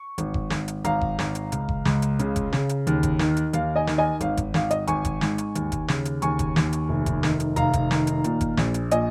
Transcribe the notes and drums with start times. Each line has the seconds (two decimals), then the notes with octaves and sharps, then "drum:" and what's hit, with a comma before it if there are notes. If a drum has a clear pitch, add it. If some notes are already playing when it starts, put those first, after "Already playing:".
Already playing: C#6
0.18 G#1, drum: hi-hat
0.34 drum: kick F#1
0.50 G#1, drum: snare
0.68 drum: hi-hat
0.84 G#1 F5 A#5, drum: hi-hat
1.01 drum: kick F#1
1.19 G#1, drum: snare
1.35 drum: hi-hat
1.52 C#2, drum: hi-hat
1.69 drum: kick F#1
1.85 C#2, drum: snare
2.02 drum: hi-hat
2.19 C#3, drum: hi-hat
2.36 drum: kick F#1, hi-hat
2.53 C#3, drum: snare
2.69 drum: hi-hat
2.87 D#2, drum: hi-hat
3.03 drum: kick F#1, hi-hat
3.19 D#3, drum: snare
3.37 drum: hi-hat
3.53 D#2 F5, drum: hi-hat
3.76 D#5 G#5
3.87 D#3, drum: snare
3.98 D#5 G#5
4.21 G#1 F5, drum: hi-hat
4.37 drum: kick F#1, hi-hat
4.54 G#1 F5, drum: snare
4.71 D#5, drum: hi-hat
4.87 G#1 G#5 C#6, drum: hi-hat
5.05 drum: kick F#1, hi-hat
5.21 G#2, drum: snare
5.38 drum: hi-hat
5.55 D#2, drum: hi-hat
5.72 drum: kick F#1, hi-hat
5.88 C#3, drum: snare
6.05 drum: hi-hat
6.22 D#2 G#5 C#6, drum: hi-hat
6.39 drum: kick F#1, hi-hat
6.56 D#2, drum: snare
6.73 drum: hi-hat
6.89 F1
7.06 drum: kick F#1, hi-hat
7.23 D#3, drum: snare
7.40 drum: hi-hat
7.56 F1 F5 A#5, drum: hi-hat
7.73 drum: kick F#1, hi-hat
7.91 D#3, drum: snare
8.07 drum: hi-hat
8.24 A#2, drum: hi-hat
8.41 drum: kick F#1, hi-hat
8.57 A#1, drum: snare
8.74 drum: hi-hat
8.91 A#2 D#5 G#5, drum: hi-hat